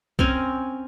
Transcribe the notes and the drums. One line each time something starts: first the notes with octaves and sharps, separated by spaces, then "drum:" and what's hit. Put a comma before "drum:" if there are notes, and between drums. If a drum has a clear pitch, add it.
C4 C#4 A#4 G#5, drum: kick C2